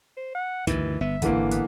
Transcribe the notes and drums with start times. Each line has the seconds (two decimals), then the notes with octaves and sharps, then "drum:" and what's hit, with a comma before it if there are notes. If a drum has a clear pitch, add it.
0.17 C5
0.35 F#5
0.67 D2 G2 D#3 E3, drum: kick, hi-hat
1.01 G1 B3 E5
1.22 G#1 D3 E3 A#3, drum: kick, hi-hat
1.51 B3, drum: hi-hat